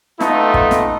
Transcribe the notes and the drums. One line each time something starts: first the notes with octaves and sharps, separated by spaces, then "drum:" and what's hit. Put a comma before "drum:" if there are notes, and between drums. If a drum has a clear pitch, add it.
A3 B3 D#4 F4 A4, drum: snare
drum: kick
drum: snare